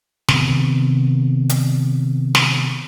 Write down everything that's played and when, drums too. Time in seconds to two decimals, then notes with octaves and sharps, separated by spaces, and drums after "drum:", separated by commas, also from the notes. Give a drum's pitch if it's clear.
0.29 C3 D#3 B3, drum: snare
1.49 drum: hi-hat
2.35 drum: snare